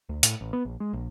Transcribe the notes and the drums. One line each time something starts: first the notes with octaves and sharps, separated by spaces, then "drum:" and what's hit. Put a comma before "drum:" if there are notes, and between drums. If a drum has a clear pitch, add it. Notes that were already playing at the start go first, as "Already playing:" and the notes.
D2
A2, drum: hi-hat
A1
B3
A#1
G#3
A#1